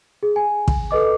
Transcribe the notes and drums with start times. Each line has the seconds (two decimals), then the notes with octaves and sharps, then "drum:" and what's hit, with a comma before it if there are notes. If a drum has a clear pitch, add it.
0.23 G#4
0.36 G#5
0.68 drum: kick
0.91 A4 B4 D#5 D6